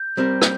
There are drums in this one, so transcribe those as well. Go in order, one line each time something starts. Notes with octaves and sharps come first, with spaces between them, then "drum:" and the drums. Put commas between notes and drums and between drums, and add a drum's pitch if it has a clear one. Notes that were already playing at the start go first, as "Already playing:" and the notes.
Already playing: G6
G3 C4 G4 A#4
drum: rim click